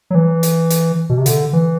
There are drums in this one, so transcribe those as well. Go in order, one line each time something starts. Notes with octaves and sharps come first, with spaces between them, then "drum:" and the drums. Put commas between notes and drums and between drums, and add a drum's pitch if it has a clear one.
F#3
E3
drum: hi-hat
drum: hi-hat
B2
C3
D3, drum: hi-hat
E3